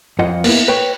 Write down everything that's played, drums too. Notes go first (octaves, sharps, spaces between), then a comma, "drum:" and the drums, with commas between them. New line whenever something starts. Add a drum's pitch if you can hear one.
F2 F4 D#5 F#5
A#3 B3 E4, drum: cymbal
B4 C#5 G5